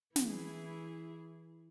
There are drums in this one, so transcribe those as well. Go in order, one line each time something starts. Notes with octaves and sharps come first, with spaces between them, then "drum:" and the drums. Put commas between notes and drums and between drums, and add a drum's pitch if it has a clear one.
E3 E4 G#4, drum: snare